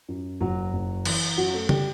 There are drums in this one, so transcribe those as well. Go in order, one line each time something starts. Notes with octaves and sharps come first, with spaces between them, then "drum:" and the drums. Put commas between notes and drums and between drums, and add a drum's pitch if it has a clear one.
F#2
F#1 F#3 F#4
F#1
E3, drum: cymbal
F#2 F#3 F#4
A3 A4
G3 G4, drum: tom C#3